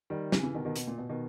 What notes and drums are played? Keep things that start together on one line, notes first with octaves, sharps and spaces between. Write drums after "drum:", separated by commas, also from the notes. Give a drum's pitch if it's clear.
D#3 G3
C#3 E3, drum: snare
C#3 E3
B2 D#3
B2 D#3
B2, drum: hi-hat
A#2
B2
B2 D#3